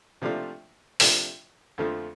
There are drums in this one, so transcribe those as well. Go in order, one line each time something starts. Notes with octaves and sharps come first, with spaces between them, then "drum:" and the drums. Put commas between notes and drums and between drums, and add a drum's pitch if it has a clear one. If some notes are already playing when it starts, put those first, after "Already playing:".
C3 F3 A3 D4 F4
C3 F3 A3 D4 F4, drum: open hi-hat
F2 D3 F3 A3 F4